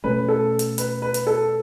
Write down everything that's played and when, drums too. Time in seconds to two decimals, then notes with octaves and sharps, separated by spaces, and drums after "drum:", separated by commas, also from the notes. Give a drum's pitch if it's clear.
0.04 B2 A3 C#4 B4
0.28 A4
0.59 drum: hi-hat
0.78 B4, drum: hi-hat
1.02 B4
1.14 drum: hi-hat
1.27 A4